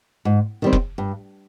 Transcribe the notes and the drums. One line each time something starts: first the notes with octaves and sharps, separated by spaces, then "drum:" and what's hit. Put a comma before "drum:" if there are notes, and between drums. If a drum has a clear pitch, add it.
G#2
D#3 G3 C4
drum: kick F1
G2